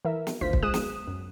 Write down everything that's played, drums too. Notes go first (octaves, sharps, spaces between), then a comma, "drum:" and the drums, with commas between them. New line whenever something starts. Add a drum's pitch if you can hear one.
E3 A#4 E5
drum: snare
G#1 D2 F4 C5 B6
drum: kick
G#3 G#4 D#6 F#6 E7
drum: snare
F#2